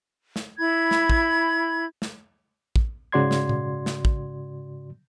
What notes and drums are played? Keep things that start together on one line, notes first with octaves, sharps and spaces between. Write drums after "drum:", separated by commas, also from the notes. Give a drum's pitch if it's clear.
drum: snare
E4 B5 G#6
drum: snare
drum: kick
drum: snare
drum: kick
G#2 C#3 F#4 D5 C6 G#6
drum: snare
drum: tom A#2
drum: snare
drum: kick